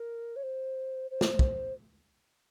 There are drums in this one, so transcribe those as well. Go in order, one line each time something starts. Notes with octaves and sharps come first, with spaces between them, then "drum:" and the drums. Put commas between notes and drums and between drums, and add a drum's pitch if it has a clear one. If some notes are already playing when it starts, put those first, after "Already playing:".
Already playing: A#4
C#5
C5
C5
drum: snare
drum: kick